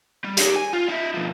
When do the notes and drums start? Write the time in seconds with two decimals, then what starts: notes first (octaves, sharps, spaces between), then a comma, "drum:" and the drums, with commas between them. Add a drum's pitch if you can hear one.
0.25 G3
0.37 D#4 G4, drum: hi-hat
0.56 G#5
0.73 F4
0.88 D#4 E5
1.14 B2 F3